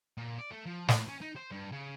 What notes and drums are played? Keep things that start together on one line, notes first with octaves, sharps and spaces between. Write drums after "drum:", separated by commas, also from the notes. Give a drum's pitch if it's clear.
A#2
D5
A3
F3
A2, drum: snare
C#4
D#4
C5
G2
C#3